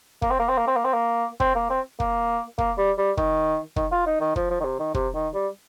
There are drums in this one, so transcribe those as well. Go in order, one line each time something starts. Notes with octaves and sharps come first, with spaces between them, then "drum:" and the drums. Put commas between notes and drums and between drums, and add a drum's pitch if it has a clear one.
A#3, drum: kick
C4
A#3
C4
A#3
C4
A#3
C4
A#3
C4, drum: kick
A#3
C4
A#3, drum: kick
A#3, drum: kick
G3
G3
D#3, drum: kick
D#3, drum: kick
F4
D#4
D#3
F3, drum: kick
F3
D#3
C3
D#3
C3, drum: kick
D#3
G3